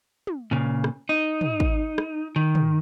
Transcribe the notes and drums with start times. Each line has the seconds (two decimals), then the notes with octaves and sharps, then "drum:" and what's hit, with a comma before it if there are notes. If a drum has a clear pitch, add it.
0.27 drum: tom
0.51 A#2 C#3
0.84 drum: rim click
1.09 D#4
1.41 drum: tom
1.60 drum: kick
1.98 drum: rim click
2.36 D#3
2.55 drum: tom